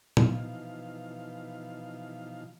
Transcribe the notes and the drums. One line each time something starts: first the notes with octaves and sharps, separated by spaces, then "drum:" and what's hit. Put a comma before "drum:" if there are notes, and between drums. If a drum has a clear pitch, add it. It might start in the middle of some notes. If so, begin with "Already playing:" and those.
B2 E3 F3 D#4 F5, drum: tom A#2